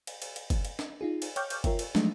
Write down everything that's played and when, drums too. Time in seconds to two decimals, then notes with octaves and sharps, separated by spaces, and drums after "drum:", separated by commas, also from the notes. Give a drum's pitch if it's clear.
0.07 drum: cymbal
0.22 drum: cymbal
0.36 drum: cymbal
0.50 drum: kick F#1, cymbal
0.65 drum: cymbal
0.79 drum: snare
1.01 D#4 F4 G#4
1.22 drum: cymbal
1.36 C#5 G5 C#6 D6 F6 G6, drum: cymbal
1.50 drum: cymbal
1.64 F4 A#4 C#5 E5 G5, drum: kick F#1, cymbal
1.79 drum: cymbal
1.95 F3 F#3 G#3 A3 D4 D#4, drum: snare